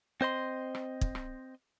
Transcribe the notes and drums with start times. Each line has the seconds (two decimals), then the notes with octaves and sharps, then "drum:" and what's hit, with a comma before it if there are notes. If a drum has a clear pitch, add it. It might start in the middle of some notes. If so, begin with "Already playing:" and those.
0.21 C4 C5 D#5 C6
0.75 drum: rim click
1.01 drum: kick
1.15 drum: rim click